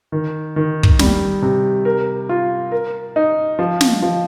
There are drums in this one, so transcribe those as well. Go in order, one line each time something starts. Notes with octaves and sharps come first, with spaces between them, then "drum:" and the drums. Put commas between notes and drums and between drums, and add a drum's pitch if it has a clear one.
D#3
D#3
drum: kick
G3, drum: snare
C3
A#4
F4
A#4
D#4
F3
drum: snare
F3